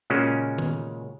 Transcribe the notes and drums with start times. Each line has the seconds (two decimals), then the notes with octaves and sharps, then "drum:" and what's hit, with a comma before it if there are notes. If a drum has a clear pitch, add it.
0.10 A#2 C#3 G#3 C#4 F#4
0.58 drum: tom D#3